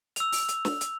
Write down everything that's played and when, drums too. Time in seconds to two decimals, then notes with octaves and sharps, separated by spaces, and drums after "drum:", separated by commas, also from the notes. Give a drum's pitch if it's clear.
0.16 E6 F7, drum: hi-hat
0.32 drum: open hi-hat
0.49 drum: hi-hat
0.65 drum: snare
0.81 drum: hi-hat